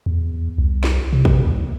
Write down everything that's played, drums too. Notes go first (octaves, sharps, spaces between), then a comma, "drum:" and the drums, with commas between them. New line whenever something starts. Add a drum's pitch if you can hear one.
E2
C2
drum: snare
C3
drum: kick
D#2